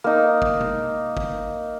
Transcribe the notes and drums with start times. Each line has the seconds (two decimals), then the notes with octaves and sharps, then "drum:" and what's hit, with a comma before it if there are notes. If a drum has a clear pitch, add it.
0.04 A#3 D#4
0.42 drum: kick
0.60 drum: tom B2
1.17 drum: kick